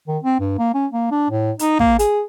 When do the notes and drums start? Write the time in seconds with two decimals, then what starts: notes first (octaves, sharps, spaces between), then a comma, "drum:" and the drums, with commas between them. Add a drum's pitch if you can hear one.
0.07 D#3
0.23 C4
0.40 G2
0.58 A#3
0.74 C#4
0.92 A#3
1.11 D4
1.30 A2
1.59 D#4, drum: hi-hat
1.79 A#3, drum: kick
1.99 G#4, drum: hi-hat